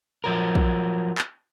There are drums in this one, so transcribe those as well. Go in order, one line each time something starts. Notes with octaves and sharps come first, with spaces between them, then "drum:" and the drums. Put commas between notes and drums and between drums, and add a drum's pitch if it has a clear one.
F3 F#3 A#4
drum: kick
drum: clap